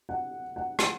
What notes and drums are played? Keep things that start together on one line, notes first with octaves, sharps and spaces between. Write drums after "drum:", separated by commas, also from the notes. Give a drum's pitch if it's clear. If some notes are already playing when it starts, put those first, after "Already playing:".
F#5
F#5
drum: rim click